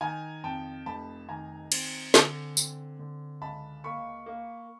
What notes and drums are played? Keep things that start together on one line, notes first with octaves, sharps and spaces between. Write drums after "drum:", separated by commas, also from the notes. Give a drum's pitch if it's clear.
D#3 G#5 A#5
F2 G5 A5
F1 A5 B5
D#3 G#5 A#5
C4, drum: cymbal
D3, drum: snare
C4, drum: tambourine
D3
C#2 A5 B5
A#3 B5 C#6
A#3